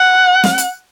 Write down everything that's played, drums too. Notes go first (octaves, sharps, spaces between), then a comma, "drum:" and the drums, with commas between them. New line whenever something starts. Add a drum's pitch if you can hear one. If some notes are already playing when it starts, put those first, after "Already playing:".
Already playing: F#5
drum: snare
drum: hi-hat